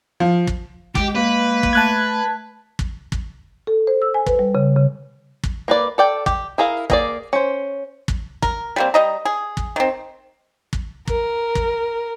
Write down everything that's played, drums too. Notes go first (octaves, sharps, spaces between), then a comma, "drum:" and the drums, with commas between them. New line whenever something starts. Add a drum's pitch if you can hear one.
F3
drum: kick
G#3 G4, drum: kick
A#3 B4
drum: kick
A3 A5 F#6 G#6
drum: kick
drum: kick
A4
C5
E6
G#5
B4, drum: kick
G3
C#3
C#3
drum: kick
A#3 B4 D5
A4 D5 G5
G4, drum: kick
E4 G#4 A#4 F5
A#3 G#4 D5, drum: kick
C#4 C5
drum: kick
A#4, drum: kick
G3 A#3 C4
G3 D#5 A#5
G#4
drum: kick
D#3 C4
drum: kick
A#4, drum: kick
drum: kick